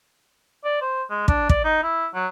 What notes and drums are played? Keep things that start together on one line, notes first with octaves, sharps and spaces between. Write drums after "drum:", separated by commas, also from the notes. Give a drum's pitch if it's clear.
D5
C5
G#3
D4, drum: kick
D5, drum: kick
D#4
E4
F#3